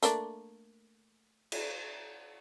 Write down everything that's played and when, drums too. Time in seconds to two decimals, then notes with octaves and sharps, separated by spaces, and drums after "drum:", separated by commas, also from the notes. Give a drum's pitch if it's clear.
0.03 A3 A#3 D4, drum: hi-hat
1.52 drum: cymbal